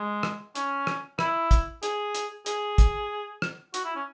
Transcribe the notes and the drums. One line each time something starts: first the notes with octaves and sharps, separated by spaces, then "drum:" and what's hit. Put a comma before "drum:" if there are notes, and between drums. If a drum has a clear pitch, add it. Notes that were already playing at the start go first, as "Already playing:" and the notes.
Already playing: G#3
drum: rim click
C#4, drum: hi-hat
drum: rim click
E4, drum: rim click
drum: kick, hi-hat
G#4, drum: hi-hat
drum: hi-hat
G#4, drum: hi-hat
drum: kick, hi-hat
drum: rim click
F#4, drum: hi-hat
E4
C#4